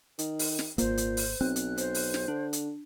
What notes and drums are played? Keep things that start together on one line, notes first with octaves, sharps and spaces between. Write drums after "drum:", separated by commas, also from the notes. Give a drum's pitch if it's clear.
D#3, drum: hi-hat
drum: open hi-hat
drum: snare
G#1 A#2 A#3 C5, drum: hi-hat
drum: hi-hat
drum: open hi-hat
B1 C4 F#6
drum: hi-hat
C5, drum: hi-hat
drum: open hi-hat
drum: snare
D3 D4
drum: hi-hat